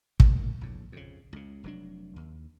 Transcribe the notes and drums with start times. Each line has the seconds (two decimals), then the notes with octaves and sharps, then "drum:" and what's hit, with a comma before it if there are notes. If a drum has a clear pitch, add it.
0.20 C#2 A2 G3 A#3, drum: kick
0.61 A#1 A2
0.92 F2 C#3
1.33 C#2 C#3
1.64 F1 F#3 D4
2.16 D#2